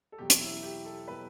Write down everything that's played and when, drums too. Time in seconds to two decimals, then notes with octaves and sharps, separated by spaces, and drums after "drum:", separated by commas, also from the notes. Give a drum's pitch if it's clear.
0.12 A4
0.18 E2 B2 F#3 G4
0.30 drum: hi-hat
0.40 E4
0.63 G4
0.86 A4
1.08 B2 F#3 B4